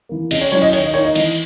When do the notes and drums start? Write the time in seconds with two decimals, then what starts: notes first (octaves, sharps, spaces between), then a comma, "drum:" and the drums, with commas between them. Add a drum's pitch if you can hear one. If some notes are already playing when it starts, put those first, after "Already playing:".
0.09 E3 A#3
0.31 C#3 D#5, drum: cymbal
0.41 C#5
0.52 F#3 C#4 E4 C#5
0.62 D#5
0.73 D#3 C#5, drum: cymbal
0.84 D#5
0.94 A#3 D#4 C#5
1.05 D#5
1.15 E3 D#5, drum: cymbal